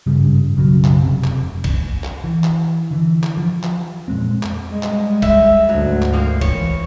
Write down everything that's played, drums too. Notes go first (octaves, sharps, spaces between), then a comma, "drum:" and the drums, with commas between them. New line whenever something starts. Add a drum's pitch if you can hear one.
G#1 G2 C#3 G3
B1 F#2 C#3 F#3
drum: clap
F1 C3
drum: clap
drum: kick B1, cymbal
drum: clap
E3
drum: clap
D3 E3
drum: clap
F3
drum: clap
F2 A#2 G#3 C4
drum: clap
G3 G#3
drum: clap
E5, drum: kick B1, cymbal
D2 G#2 F#3
drum: clap
F3 A#3 C4
E3 C#5, drum: kick B1, cymbal